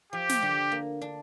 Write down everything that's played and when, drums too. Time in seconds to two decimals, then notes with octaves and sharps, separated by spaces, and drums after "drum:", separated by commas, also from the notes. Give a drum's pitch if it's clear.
0.13 F3 G4
0.29 drum: snare
0.42 D3
0.72 A#3
1.02 D4